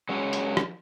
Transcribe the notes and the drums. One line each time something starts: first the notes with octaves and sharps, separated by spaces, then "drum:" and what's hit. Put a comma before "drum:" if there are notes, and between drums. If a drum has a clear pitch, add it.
F#3 G#3 C#4
drum: hi-hat
drum: rim click